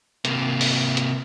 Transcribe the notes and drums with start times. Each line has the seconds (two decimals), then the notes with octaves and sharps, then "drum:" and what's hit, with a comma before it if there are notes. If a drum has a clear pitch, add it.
0.25 C3 A#3, drum: hi-hat
0.61 drum: open hi-hat
0.97 drum: hi-hat